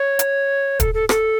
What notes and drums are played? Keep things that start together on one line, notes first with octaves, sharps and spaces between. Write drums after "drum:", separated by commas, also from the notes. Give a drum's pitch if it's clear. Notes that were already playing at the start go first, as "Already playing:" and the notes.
Already playing: C#5
drum: hi-hat
A4, drum: kick, hi-hat
A4
A4, drum: rim click